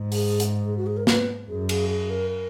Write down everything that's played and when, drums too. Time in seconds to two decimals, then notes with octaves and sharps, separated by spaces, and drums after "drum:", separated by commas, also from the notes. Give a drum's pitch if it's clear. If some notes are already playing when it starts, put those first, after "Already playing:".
Already playing: G#2
0.12 G#4, drum: open hi-hat
0.40 drum: hi-hat
0.66 G#4
0.77 F#4
0.86 G#4
0.97 A#4
1.07 B4, drum: snare
1.49 F#2 G#4
1.69 G#4, drum: cymbal
1.89 G#4
2.10 A#4
2.30 A#4